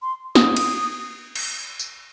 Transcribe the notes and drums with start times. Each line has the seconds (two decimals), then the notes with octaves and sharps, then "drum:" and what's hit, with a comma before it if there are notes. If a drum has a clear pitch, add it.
0.02 C6
0.35 D#6, drum: snare
0.57 drum: cymbal
1.35 drum: cymbal
1.79 drum: tambourine